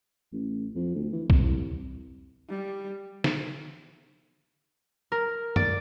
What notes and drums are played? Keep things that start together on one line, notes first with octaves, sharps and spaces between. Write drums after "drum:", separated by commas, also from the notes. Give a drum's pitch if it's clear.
A1
F2
D2
E3
C2, drum: kick B1
G3
drum: snare
A#4
D5, drum: tom F#2